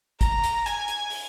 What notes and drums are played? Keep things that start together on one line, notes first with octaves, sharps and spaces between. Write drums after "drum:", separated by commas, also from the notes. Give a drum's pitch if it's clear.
A#5, drum: kick, hi-hat
drum: hi-hat
G#5, drum: hi-hat
drum: hi-hat
drum: open hi-hat